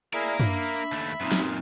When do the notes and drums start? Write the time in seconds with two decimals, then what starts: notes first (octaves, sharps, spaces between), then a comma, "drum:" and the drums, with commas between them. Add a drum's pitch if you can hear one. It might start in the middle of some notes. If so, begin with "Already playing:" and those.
0.13 A#3 E4 G#4 A#4 D5 E5
0.40 D4 E5 B5, drum: tom
0.92 D#2 A3
1.21 F#2 A#2 C4 D#4
1.32 drum: snare